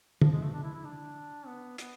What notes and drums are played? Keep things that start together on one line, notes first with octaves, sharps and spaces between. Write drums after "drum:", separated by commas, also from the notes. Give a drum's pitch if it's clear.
F3, drum: tom
G#3
A3
D4
E4
E4
D4
B3
B3, drum: hi-hat